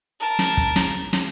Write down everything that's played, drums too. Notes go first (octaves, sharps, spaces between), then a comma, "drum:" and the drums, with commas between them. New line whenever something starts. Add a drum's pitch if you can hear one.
A#4 A5
drum: snare
drum: kick
drum: snare
drum: snare